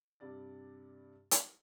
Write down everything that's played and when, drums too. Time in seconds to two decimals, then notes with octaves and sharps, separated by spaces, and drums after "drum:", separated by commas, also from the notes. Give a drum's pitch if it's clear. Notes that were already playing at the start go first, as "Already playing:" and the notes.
0.20 G2 C3 G3 D5 A6
1.31 drum: hi-hat